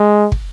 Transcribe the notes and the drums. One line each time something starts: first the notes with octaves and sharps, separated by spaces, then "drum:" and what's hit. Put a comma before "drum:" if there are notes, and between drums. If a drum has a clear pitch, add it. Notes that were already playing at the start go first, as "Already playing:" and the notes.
Already playing: G#3
drum: kick